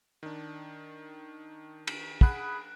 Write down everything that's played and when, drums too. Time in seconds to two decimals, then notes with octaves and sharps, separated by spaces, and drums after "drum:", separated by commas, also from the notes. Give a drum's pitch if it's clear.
0.23 D#3 D4
1.87 drum: cymbal
2.21 G#4 F#5 B5 D#6 F#6, drum: kick